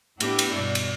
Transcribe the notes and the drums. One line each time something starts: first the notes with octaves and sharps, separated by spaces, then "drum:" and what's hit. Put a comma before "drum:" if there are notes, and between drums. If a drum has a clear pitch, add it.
A2 B3 D4 E4 G4, drum: cymbal
drum: cymbal
G2 B2 D5
drum: cymbal